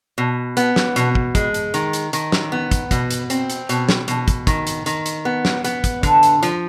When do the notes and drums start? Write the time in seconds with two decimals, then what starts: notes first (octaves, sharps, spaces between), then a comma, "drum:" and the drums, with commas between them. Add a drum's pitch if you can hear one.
0.18 B2
0.57 B3, drum: hi-hat
0.76 drum: snare
0.96 B2, drum: hi-hat
1.15 drum: kick
1.35 G#3, drum: kick, hi-hat
1.54 drum: hi-hat
1.74 D#3, drum: hi-hat
1.93 drum: hi-hat
2.13 D#3, drum: hi-hat
2.32 drum: snare
2.52 B3
2.71 drum: kick, hi-hat
2.91 B2, drum: kick, hi-hat
3.11 drum: hi-hat
3.30 C4, drum: hi-hat
3.50 drum: hi-hat
3.69 B2, drum: hi-hat
3.89 drum: snare
4.08 B2, drum: hi-hat
4.28 drum: kick, hi-hat
4.47 D#3, drum: kick, hi-hat
4.67 drum: hi-hat
4.86 D#3, drum: hi-hat
5.06 drum: hi-hat
5.25 B3
5.45 drum: snare
5.64 B3, drum: hi-hat
5.84 drum: kick, hi-hat
6.03 D3, drum: kick, hi-hat
6.23 drum: hi-hat
6.43 F3, drum: hi-hat